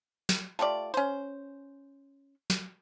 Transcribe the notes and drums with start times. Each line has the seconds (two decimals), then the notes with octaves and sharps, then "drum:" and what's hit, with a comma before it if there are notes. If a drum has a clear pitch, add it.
0.29 drum: snare
0.59 A3 F4 G4 D5
0.94 C#4 C5
2.50 drum: snare